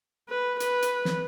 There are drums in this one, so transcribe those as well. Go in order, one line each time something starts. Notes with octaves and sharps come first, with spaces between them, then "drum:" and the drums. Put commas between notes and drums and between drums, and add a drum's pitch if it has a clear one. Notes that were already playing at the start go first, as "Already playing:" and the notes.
B4
B4, drum: hi-hat
drum: hi-hat
drum: snare